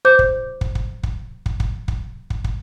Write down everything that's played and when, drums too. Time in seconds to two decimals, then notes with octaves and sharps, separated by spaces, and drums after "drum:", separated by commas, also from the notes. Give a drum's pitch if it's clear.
0.05 C5 D6 G6
0.19 drum: kick
0.61 drum: kick
0.75 drum: kick
1.03 drum: kick
1.46 drum: kick
1.60 drum: kick
1.88 drum: kick
2.30 drum: kick
2.44 drum: kick